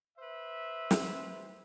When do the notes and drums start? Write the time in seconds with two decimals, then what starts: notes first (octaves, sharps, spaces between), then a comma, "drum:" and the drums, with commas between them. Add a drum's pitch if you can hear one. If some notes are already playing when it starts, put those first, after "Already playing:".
0.19 B4 C5 E5
0.91 drum: snare